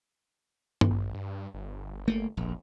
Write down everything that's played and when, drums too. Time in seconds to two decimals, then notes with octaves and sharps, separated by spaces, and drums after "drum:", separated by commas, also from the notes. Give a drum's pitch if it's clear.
0.81 drum: tom G2
0.91 A1
1.14 G2
1.54 G1
2.08 A3 A#3
2.37 F1 A#1